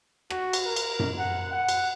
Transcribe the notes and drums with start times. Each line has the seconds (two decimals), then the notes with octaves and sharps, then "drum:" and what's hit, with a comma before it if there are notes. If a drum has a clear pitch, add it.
0.30 F#4, drum: rim click
0.53 drum: cymbal
0.65 A#4
0.76 drum: cymbal
0.99 drum: tom F#2
1.18 F#5
1.53 F#5
1.69 drum: cymbal